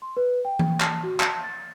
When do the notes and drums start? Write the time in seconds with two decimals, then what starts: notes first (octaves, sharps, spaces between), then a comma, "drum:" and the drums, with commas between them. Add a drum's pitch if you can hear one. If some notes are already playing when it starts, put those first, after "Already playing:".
0.02 C6
0.17 B4
0.45 G5
0.59 drum: tom E3
0.80 A5, drum: clap
1.04 F#4
1.20 A5, drum: clap
1.43 A6